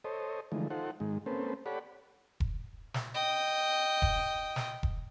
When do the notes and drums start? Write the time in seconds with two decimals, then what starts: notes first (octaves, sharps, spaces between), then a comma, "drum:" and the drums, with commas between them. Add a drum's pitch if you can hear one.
0.04 A4 C5 C#5 D#5
0.52 D3 E3 F3 G#3 A3 D#4
0.70 D#4 F4 A4 C5 F#5
1.00 G#2 D#3 G#3
1.26 A#3 C4 C#4 A4 B4 C5
1.66 G4 A4 C#5 D5 F#5 B5
2.40 drum: kick E1
2.94 drum: snare
3.15 D#5 G5
4.02 drum: kick E1
4.56 drum: snare
4.83 drum: kick E1